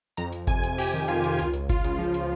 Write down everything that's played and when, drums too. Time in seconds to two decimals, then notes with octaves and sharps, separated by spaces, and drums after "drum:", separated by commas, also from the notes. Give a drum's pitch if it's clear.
0.17 F2 A#5, drum: hi-hat
0.32 F2, drum: hi-hat
0.47 C3 G#5, drum: kick G1, hi-hat
0.64 F2, drum: hi-hat
0.78 C3 G4, drum: open hi-hat
0.94 D#3
1.08 F2 F4, drum: hi-hat
1.24 D#3, drum: hi-hat
1.39 C#2 F4, drum: hi-hat
1.54 C#2, drum: hi-hat
1.69 C#2 F4, drum: kick G1, hi-hat
1.84 C#3, drum: hi-hat
1.95 F3 F4
2.14 drum: hi-hat